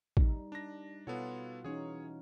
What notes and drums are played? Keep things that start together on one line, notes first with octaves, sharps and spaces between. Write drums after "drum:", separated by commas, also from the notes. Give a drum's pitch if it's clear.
G3 D#4, drum: kick
D4 A#6
B2 B3 F4 A4 C#5 F#5
E3 C#4 D#4 G#4 C#5